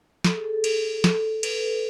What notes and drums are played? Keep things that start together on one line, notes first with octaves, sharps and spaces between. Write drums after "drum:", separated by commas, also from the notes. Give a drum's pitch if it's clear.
A4, drum: snare
G#4
A4
A4
drum: cymbal
A4, drum: snare
B4, drum: cymbal